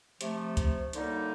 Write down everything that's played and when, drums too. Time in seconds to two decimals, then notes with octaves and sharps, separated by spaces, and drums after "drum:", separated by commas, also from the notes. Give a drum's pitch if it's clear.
0.21 C3 F3 A3, drum: hi-hat
0.57 drum: kick C#2, hi-hat
0.93 F#2 D3 G3 A#3 D#4, drum: hi-hat